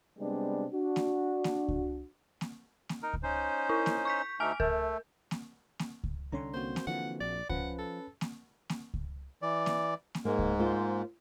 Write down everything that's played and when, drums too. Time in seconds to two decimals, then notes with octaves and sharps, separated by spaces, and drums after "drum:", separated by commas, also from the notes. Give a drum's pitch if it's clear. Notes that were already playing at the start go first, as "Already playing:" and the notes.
0.19 C3 G3 G#3 B3 C4 D4
0.72 D4 F#4
0.96 drum: snare A#3
1.44 drum: snare A#3
1.68 drum: kick C#2
2.41 drum: snare A#3
2.89 drum: snare A#3
3.03 D#4 A#4
3.14 drum: kick C#2
3.23 C#4 D#4 C5
3.69 E4
3.86 drum: snare A#3
4.05 C#6 G6 B6
4.40 D2 A3 D#4 G#5 F6 D7
4.60 A3 A#4, drum: kick C#2
5.31 drum: snare A#3
5.79 drum: snare A#3
6.04 drum: kick C#2
6.32 C2 D3 C#4 A#5 C6
6.54 A#3 C4 F#4 C5
6.76 drum: snare A#3
6.87 D3 E3 F3 F#5
7.21 A#1 D5
7.49 F3 C#4 B4 F#5, drum: kick C#2
7.79 A4
8.21 drum: snare A#3
8.69 drum: snare A#3
8.94 drum: kick C#2
9.42 E3 D5
9.66 drum: snare A#3
10.15 drum: snare A#3
10.25 G#2 G#3 A#3
10.39 drum: kick C#2
10.59 A#3 F4 C5